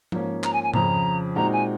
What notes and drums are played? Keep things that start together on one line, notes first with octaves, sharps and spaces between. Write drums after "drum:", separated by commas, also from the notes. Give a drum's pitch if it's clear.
G#2 F3 A#3 C#4, drum: tom F3
A#5, drum: clap
G#5
G#5
F2 C#3 F3 A#5, drum: tom G#2
A#2 G#3 C4 D#4 F#4 A#5
G#5